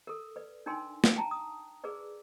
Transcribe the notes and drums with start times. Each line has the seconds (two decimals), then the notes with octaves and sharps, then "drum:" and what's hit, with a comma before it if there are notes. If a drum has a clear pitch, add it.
0.07 A4 A#4
0.36 B4 D5
0.66 D4 D#4 A#4 G5 G#5 C6
1.04 drum: snare A3
1.17 G5 A5 A#5
1.31 D#6
1.84 G#4 A#4 B4 D5